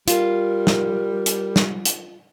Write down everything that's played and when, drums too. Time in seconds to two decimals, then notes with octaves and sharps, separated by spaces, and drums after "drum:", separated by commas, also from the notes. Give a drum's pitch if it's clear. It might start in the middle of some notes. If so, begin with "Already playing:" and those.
0.08 G3 F4 A#4, drum: hi-hat
0.67 drum: snare
1.26 drum: hi-hat
1.56 drum: snare
1.85 drum: hi-hat